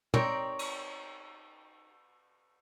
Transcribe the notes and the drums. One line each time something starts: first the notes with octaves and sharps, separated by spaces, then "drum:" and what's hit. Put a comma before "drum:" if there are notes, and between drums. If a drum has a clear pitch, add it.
C4 D#4 G4 A#4 C#5 D5, drum: tom
drum: cymbal